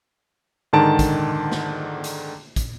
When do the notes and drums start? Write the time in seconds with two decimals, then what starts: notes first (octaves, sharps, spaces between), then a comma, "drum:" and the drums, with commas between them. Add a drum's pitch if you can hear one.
0.73 G#2 D3 D#3 A5 A#5 D7
0.99 drum: kick, hi-hat
1.52 drum: snare
2.04 drum: hi-hat
2.56 drum: kick, hi-hat